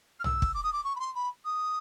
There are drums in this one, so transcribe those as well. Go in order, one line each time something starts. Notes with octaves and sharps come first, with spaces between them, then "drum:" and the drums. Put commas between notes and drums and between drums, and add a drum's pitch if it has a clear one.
F6
E6, drum: tom
drum: kick
D6
D#6
D6
C#6
B5
C6
B5
D#6